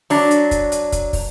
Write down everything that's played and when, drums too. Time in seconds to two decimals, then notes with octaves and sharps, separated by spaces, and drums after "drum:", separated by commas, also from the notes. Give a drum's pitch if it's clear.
0.10 F#3 D4, drum: open hi-hat
0.31 drum: hi-hat
0.51 drum: kick, hi-hat
0.72 drum: hi-hat
0.92 drum: kick, hi-hat
1.13 drum: kick, open hi-hat